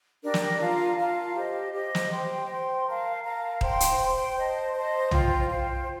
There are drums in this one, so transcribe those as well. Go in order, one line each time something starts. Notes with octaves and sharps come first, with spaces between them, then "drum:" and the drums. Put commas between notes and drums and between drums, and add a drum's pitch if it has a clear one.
D4 G4 A#4 D5
drum: snare
F4 A#4 F5 A5
F4 A#4 F5 A5
G4 C5 D#5
G4 C5 D#5
drum: snare
C5 G5 C6
C5 G5 C6
A#4 F5 A5
A#4 F5 A5
C5 G5 C6, drum: kick D#1
drum: hi-hat
C5 G5 C6
C5 D#5 A5
C5 D#5 A5
F4 C5 G5, drum: tom B1
F4 C5 G5